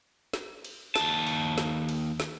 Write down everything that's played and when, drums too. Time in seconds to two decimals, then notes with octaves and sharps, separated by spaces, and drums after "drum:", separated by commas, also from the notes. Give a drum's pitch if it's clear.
0.33 drum: snare
0.65 drum: cymbal
0.96 D#2 A5, drum: snare
1.27 drum: cymbal
1.58 drum: snare
1.89 drum: cymbal
2.20 drum: snare